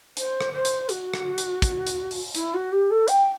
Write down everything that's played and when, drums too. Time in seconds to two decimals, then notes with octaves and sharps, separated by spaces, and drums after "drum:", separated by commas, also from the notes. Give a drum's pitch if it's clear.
0.17 C5, drum: hi-hat
0.41 drum: rim click
0.53 C5
0.65 drum: hi-hat
0.89 F#4, drum: hi-hat
1.14 drum: rim click
1.38 drum: hi-hat
1.62 drum: kick, hi-hat
1.87 drum: hi-hat
2.11 drum: open hi-hat
2.35 E4, drum: hi-hat
2.54 F#4
2.72 G4
2.90 A4
3.08 G5, drum: hi-hat